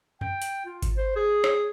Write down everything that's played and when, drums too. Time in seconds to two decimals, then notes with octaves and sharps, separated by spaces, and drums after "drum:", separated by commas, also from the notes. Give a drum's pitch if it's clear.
0.21 G5, drum: tom F2
0.42 drum: hi-hat
0.65 F4
0.82 drum: kick G#1, hi-hat
0.97 C5
1.16 G#4
1.44 drum: rim click